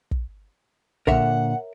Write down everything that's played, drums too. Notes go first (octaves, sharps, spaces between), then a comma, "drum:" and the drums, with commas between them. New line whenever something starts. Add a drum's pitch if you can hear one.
drum: kick
A#2 D3 A#4 C#5 E5 F#5, drum: kick